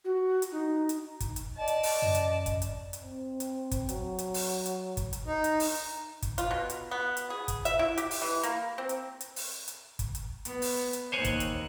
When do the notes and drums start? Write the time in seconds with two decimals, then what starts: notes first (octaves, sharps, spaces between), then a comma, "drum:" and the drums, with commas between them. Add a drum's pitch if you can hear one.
0.04 F#4
0.42 drum: hi-hat
0.52 D#4
0.89 drum: hi-hat
1.20 drum: kick, hi-hat
1.36 drum: hi-hat
1.57 D5 D#5 A5
1.68 drum: hi-hat
1.83 drum: open hi-hat
2.02 F#2
2.15 drum: hi-hat
2.46 drum: kick, hi-hat
2.62 drum: hi-hat
2.93 drum: hi-hat
3.02 C4
3.40 drum: hi-hat
3.71 drum: kick, hi-hat
3.89 F#3, drum: hi-hat
4.19 drum: hi-hat
4.34 drum: open hi-hat
4.66 drum: hi-hat
4.97 drum: kick, hi-hat
5.13 drum: hi-hat
5.26 D#4
5.44 drum: hi-hat
5.60 drum: open hi-hat
6.22 drum: kick, hi-hat
6.38 F4, drum: hi-hat
6.51 B2
6.70 drum: hi-hat
6.91 B3
7.17 drum: hi-hat
7.30 G#4
7.48 drum: kick, hi-hat
7.65 E5, drum: hi-hat
7.79 E4
7.98 G4, drum: hi-hat
8.11 drum: open hi-hat
8.22 E3
8.43 A#3, drum: hi-hat
8.78 C4
8.89 drum: hi-hat
9.21 drum: hi-hat
9.36 drum: open hi-hat
9.68 drum: hi-hat
9.99 drum: kick, hi-hat
10.15 drum: hi-hat
10.45 B3, drum: hi-hat
10.62 drum: open hi-hat
10.93 drum: hi-hat
11.12 D#2 C5 C#5 G#5 F#6
11.24 drum: kick, hi-hat
11.40 drum: hi-hat